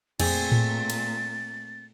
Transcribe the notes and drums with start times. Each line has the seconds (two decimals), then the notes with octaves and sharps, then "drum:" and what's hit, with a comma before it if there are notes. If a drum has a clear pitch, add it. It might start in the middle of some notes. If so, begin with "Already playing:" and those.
0.20 F2 A#2 A3 C4 G#4 A6, drum: cymbal
0.52 drum: tom A2
0.90 drum: cymbal